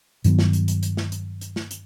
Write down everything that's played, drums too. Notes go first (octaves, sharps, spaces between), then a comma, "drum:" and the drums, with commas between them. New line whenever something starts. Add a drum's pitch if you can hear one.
G2 D#3 F#3 B3, drum: hi-hat
drum: snare
drum: hi-hat
drum: hi-hat
drum: hi-hat
drum: snare
drum: hi-hat
drum: hi-hat
drum: snare
drum: hi-hat